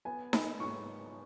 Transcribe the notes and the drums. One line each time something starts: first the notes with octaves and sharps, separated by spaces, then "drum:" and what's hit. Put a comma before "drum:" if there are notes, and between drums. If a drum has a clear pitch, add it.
B3 G#5
D#4 B5, drum: snare D#4
G#2 C#6